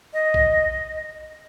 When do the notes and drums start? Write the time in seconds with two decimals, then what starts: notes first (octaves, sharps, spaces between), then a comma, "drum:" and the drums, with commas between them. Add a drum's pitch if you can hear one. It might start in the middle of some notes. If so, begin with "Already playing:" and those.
0.13 D#5
0.34 drum: kick